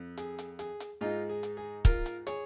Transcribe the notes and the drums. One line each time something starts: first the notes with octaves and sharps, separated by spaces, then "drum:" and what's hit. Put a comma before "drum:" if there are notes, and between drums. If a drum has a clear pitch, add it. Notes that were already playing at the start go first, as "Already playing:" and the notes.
Already playing: F2
G#4, drum: hi-hat
drum: hi-hat
G#4, drum: hi-hat
drum: hi-hat
G#2 G#3 D#4 F4
G#4
drum: hi-hat
G#4
F4 A#4, drum: kick, hi-hat
drum: hi-hat
G#4 C#5, drum: hi-hat